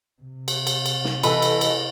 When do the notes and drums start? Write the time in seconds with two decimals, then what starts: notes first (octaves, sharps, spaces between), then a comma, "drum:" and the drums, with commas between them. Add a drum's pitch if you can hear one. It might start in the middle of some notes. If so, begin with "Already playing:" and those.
0.22 C3
0.48 drum: cymbal
0.67 drum: cymbal
0.86 drum: cymbal
1.05 drum: snare
1.23 E3 A4 D#5 B5, drum: cymbal
1.42 drum: cymbal
1.61 drum: cymbal